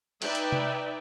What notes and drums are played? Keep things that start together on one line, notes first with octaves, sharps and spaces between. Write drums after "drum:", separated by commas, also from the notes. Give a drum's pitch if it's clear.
D#4 B4 D5 E5 G5, drum: cymbal
drum: hi-hat
drum: tom C3